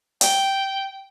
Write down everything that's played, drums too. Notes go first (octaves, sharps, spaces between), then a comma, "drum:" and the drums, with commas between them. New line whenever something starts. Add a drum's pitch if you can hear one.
G5, drum: hi-hat